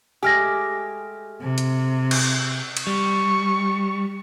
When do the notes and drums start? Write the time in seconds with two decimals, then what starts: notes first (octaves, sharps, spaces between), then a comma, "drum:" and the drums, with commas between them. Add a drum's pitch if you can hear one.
0.23 G#3 A3 G4 G#5 F6 A#6
1.42 C3
1.58 drum: hi-hat
2.11 drum: cymbal
2.77 drum: cymbal
2.87 G3 C#6